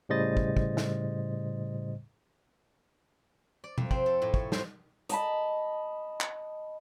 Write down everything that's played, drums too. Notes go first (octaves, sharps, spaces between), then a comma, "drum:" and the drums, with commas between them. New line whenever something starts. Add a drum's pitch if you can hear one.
A2 C#3 G3 C5 D#5 A6
drum: kick
drum: kick
drum: snare
D5
F2, drum: tom B2
C4, drum: kick
A4
A2
C#5, drum: kick
C5, drum: snare
D#5 A5 B5, drum: hi-hat
drum: clap